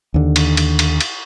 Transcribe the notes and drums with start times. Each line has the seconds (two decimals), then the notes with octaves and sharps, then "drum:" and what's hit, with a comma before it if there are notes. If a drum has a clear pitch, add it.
0.14 D#2 D3
0.36 drum: cymbal
0.57 drum: cymbal
0.79 drum: cymbal
1.01 drum: cymbal